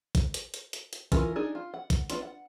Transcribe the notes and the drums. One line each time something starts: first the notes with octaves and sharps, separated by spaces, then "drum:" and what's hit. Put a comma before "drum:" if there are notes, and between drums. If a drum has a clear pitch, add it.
drum: kick, hi-hat
drum: hi-hat
drum: hi-hat
drum: hi-hat
drum: hi-hat
E3 C#4 F4 A4 A#4, drum: kick, hi-hat
D4 D#4 G#4
F4
F#5
drum: kick, hi-hat
B3 D4 F4, drum: hi-hat
F#5